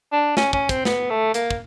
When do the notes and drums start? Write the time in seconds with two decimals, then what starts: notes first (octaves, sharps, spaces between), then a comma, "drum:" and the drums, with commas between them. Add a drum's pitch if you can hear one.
0.12 D4
0.37 C#4, drum: snare
0.53 C#4, drum: kick
0.69 C4, drum: kick, hi-hat
0.85 B3, drum: snare
1.10 A3
1.34 A#3, drum: hi-hat
1.51 drum: kick